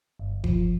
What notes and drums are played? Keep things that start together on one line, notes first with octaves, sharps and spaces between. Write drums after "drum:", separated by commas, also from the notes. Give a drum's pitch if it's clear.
G1
F3, drum: kick F#1